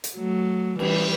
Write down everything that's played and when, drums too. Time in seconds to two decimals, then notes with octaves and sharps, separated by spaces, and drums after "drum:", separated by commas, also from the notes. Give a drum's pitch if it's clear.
0.04 drum: hi-hat
0.16 F#3 A3
0.79 E3 G3, drum: cymbal